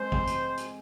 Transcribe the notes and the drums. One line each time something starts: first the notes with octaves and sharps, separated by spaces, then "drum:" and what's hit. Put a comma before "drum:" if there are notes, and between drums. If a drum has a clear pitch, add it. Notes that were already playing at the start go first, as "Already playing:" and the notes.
Already playing: G#3 C4 C5
drum: kick
drum: hi-hat
drum: hi-hat